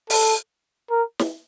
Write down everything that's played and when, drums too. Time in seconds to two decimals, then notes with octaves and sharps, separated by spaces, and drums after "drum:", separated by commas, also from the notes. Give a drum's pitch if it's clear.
0.10 A4, drum: open hi-hat
0.90 A#4
1.19 drum: snare